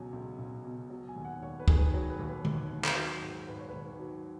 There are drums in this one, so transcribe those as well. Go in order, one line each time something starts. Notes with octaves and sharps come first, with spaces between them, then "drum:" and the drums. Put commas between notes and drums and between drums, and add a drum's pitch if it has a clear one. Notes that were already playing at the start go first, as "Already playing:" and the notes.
Already playing: C#2 B2 F#3 G#5
C#2
C#2
B2
F#3
G#5
D#2
F#5
D#2 C#5
B4
D#3 G#4, drum: kick
B4
F#3 C#5
B4
D#2
B4
D#2, drum: tom D3
D#3
drum: clap
F#3
G#2
G#2 B4
C#5
D#3 B4
F#3